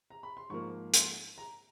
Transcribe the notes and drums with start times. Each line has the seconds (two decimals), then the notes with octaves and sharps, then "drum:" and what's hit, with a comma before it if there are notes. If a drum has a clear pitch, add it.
0.10 A#5
0.23 B5
0.37 C6
0.50 G#2 F3 A#3 C#6
0.94 C6, drum: hi-hat
1.38 A#5